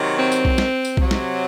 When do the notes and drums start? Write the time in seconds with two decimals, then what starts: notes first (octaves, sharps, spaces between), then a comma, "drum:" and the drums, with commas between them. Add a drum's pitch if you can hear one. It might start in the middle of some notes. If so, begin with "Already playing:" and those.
Already playing: C3 D#3 F#3
0.18 C4
0.32 drum: tambourine
0.45 drum: kick B1
0.58 drum: snare
0.85 drum: tambourine
0.97 C3 F#3, drum: kick B1
1.11 drum: snare